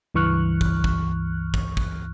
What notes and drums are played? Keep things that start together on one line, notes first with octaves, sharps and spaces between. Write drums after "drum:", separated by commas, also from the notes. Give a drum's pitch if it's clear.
C#2 G2 E3 C#6 F6 F#6
drum: kick
drum: kick
drum: kick
drum: kick